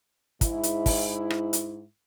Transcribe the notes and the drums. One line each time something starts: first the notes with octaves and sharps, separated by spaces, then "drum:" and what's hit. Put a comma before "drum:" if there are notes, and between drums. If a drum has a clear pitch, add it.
G#2 E4, drum: kick, hi-hat
drum: hi-hat
drum: kick, open hi-hat
drum: rim click
drum: hi-hat